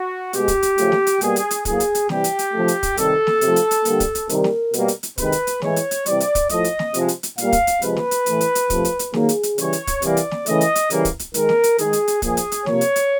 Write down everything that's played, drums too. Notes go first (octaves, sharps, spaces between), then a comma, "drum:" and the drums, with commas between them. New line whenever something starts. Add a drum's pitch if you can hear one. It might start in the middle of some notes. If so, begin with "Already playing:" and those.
Already playing: F#4
B2 G#3 G4, drum: hi-hat
drum: kick, hi-hat
drum: hi-hat
C#3 F3 A3, drum: hi-hat
drum: snare
drum: hi-hat
B2 G3 A#3 G#4, drum: hi-hat
drum: hi-hat
drum: hi-hat
A2 F#3 A#3 G#4, drum: kick, hi-hat
drum: hi-hat
drum: hi-hat
C3 E3 G3 G4, drum: snare
drum: hi-hat
drum: hi-hat
C3 F3 A3
drum: hi-hat
drum: kick, hi-hat
C3 D#3 G3 A4, drum: hi-hat
drum: snare
C3 F3 A3, drum: hi-hat
drum: hi-hat
drum: hi-hat
D3 G3 A#3, drum: hi-hat
drum: kick, hi-hat
drum: hi-hat
C3 D#3 G3 A#4, drum: hi-hat
drum: snare
B2 G3 A#3, drum: hi-hat
drum: hi-hat
drum: hi-hat
C3 D#3 G#3 B4, drum: kick, hi-hat
drum: hi-hat
drum: hi-hat
A2 E3 G#3 C#5, drum: snare
drum: hi-hat
drum: hi-hat
C3 E3 G3 D5, drum: hi-hat
drum: hi-hat
drum: kick, hi-hat
A2 F3 A3 D#5, drum: hi-hat
drum: hi-hat
drum: snare
C3 F3 G#3, drum: hi-hat
drum: hi-hat
drum: hi-hat
A#2 G3 A#3 F5, drum: hi-hat
drum: kick, hi-hat
drum: hi-hat
C3 F3 G#3 B4, drum: hi-hat
drum: snare
drum: hi-hat
A2 E3 A3, drum: hi-hat
drum: hi-hat
drum: hi-hat
C3 F3 A3, drum: kick, hi-hat
drum: hi-hat
drum: hi-hat
D#3 F#3 A#3 G#4, drum: snare
drum: hi-hat
drum: hi-hat
C#3 E3 G3 C#5, drum: hi-hat
drum: hi-hat
drum: kick, hi-hat
C3 E3 G3 A#3 D5, drum: hi-hat
drum: hi-hat
drum: snare
C#3 E3 A3 D#5, drum: hi-hat
drum: hi-hat
drum: hi-hat
C#3 E3 G3 A#3, drum: hi-hat
drum: kick, hi-hat
drum: hi-hat
D#3 G#3 A#4, drum: hi-hat
drum: snare
drum: hi-hat
D#3 G#3 G#4, drum: hi-hat
drum: hi-hat
drum: hi-hat
A#2 F3 A#3 G#4, drum: kick, hi-hat
drum: hi-hat
drum: hi-hat
C3 F3 A#3 C#5, drum: snare
drum: hi-hat
drum: hi-hat